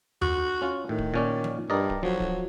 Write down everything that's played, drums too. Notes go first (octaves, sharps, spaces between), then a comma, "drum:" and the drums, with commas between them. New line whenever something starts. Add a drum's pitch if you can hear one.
F#4, drum: tom D#2
C#4 F4
A2 D#3
drum: kick D1
A#2 C#4 D5
drum: tom F3
G2 A#4 D5 D#5
drum: kick D1
F3 F#3
drum: kick D1